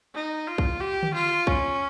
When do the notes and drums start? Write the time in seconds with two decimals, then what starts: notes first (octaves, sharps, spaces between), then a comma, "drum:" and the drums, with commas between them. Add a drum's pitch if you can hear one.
0.15 D#4
0.47 F4
0.58 drum: kick B1
0.81 G4
1.03 drum: tom D3
1.14 F4
1.47 C#4, drum: kick B1